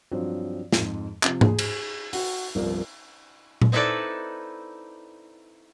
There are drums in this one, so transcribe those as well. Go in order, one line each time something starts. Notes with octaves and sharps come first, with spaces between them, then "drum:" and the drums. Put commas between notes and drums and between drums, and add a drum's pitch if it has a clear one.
G2 F3 F#3 C4
F2 G#2, drum: snare
C3 F3, drum: clap
G#4, drum: tom G#2
drum: cymbal
F#4, drum: open hi-hat
G1 C2 F3 A#4
drum: tom A#2
C4 D#4 E4 A4 B4 D5